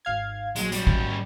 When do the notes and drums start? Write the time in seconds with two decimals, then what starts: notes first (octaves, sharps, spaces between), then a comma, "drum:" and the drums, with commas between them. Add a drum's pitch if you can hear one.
0.05 G#1 F5 G#6
0.56 A#1 F#3 G#3, drum: hi-hat
0.72 G3 C#4, drum: hi-hat
0.87 drum: kick G#1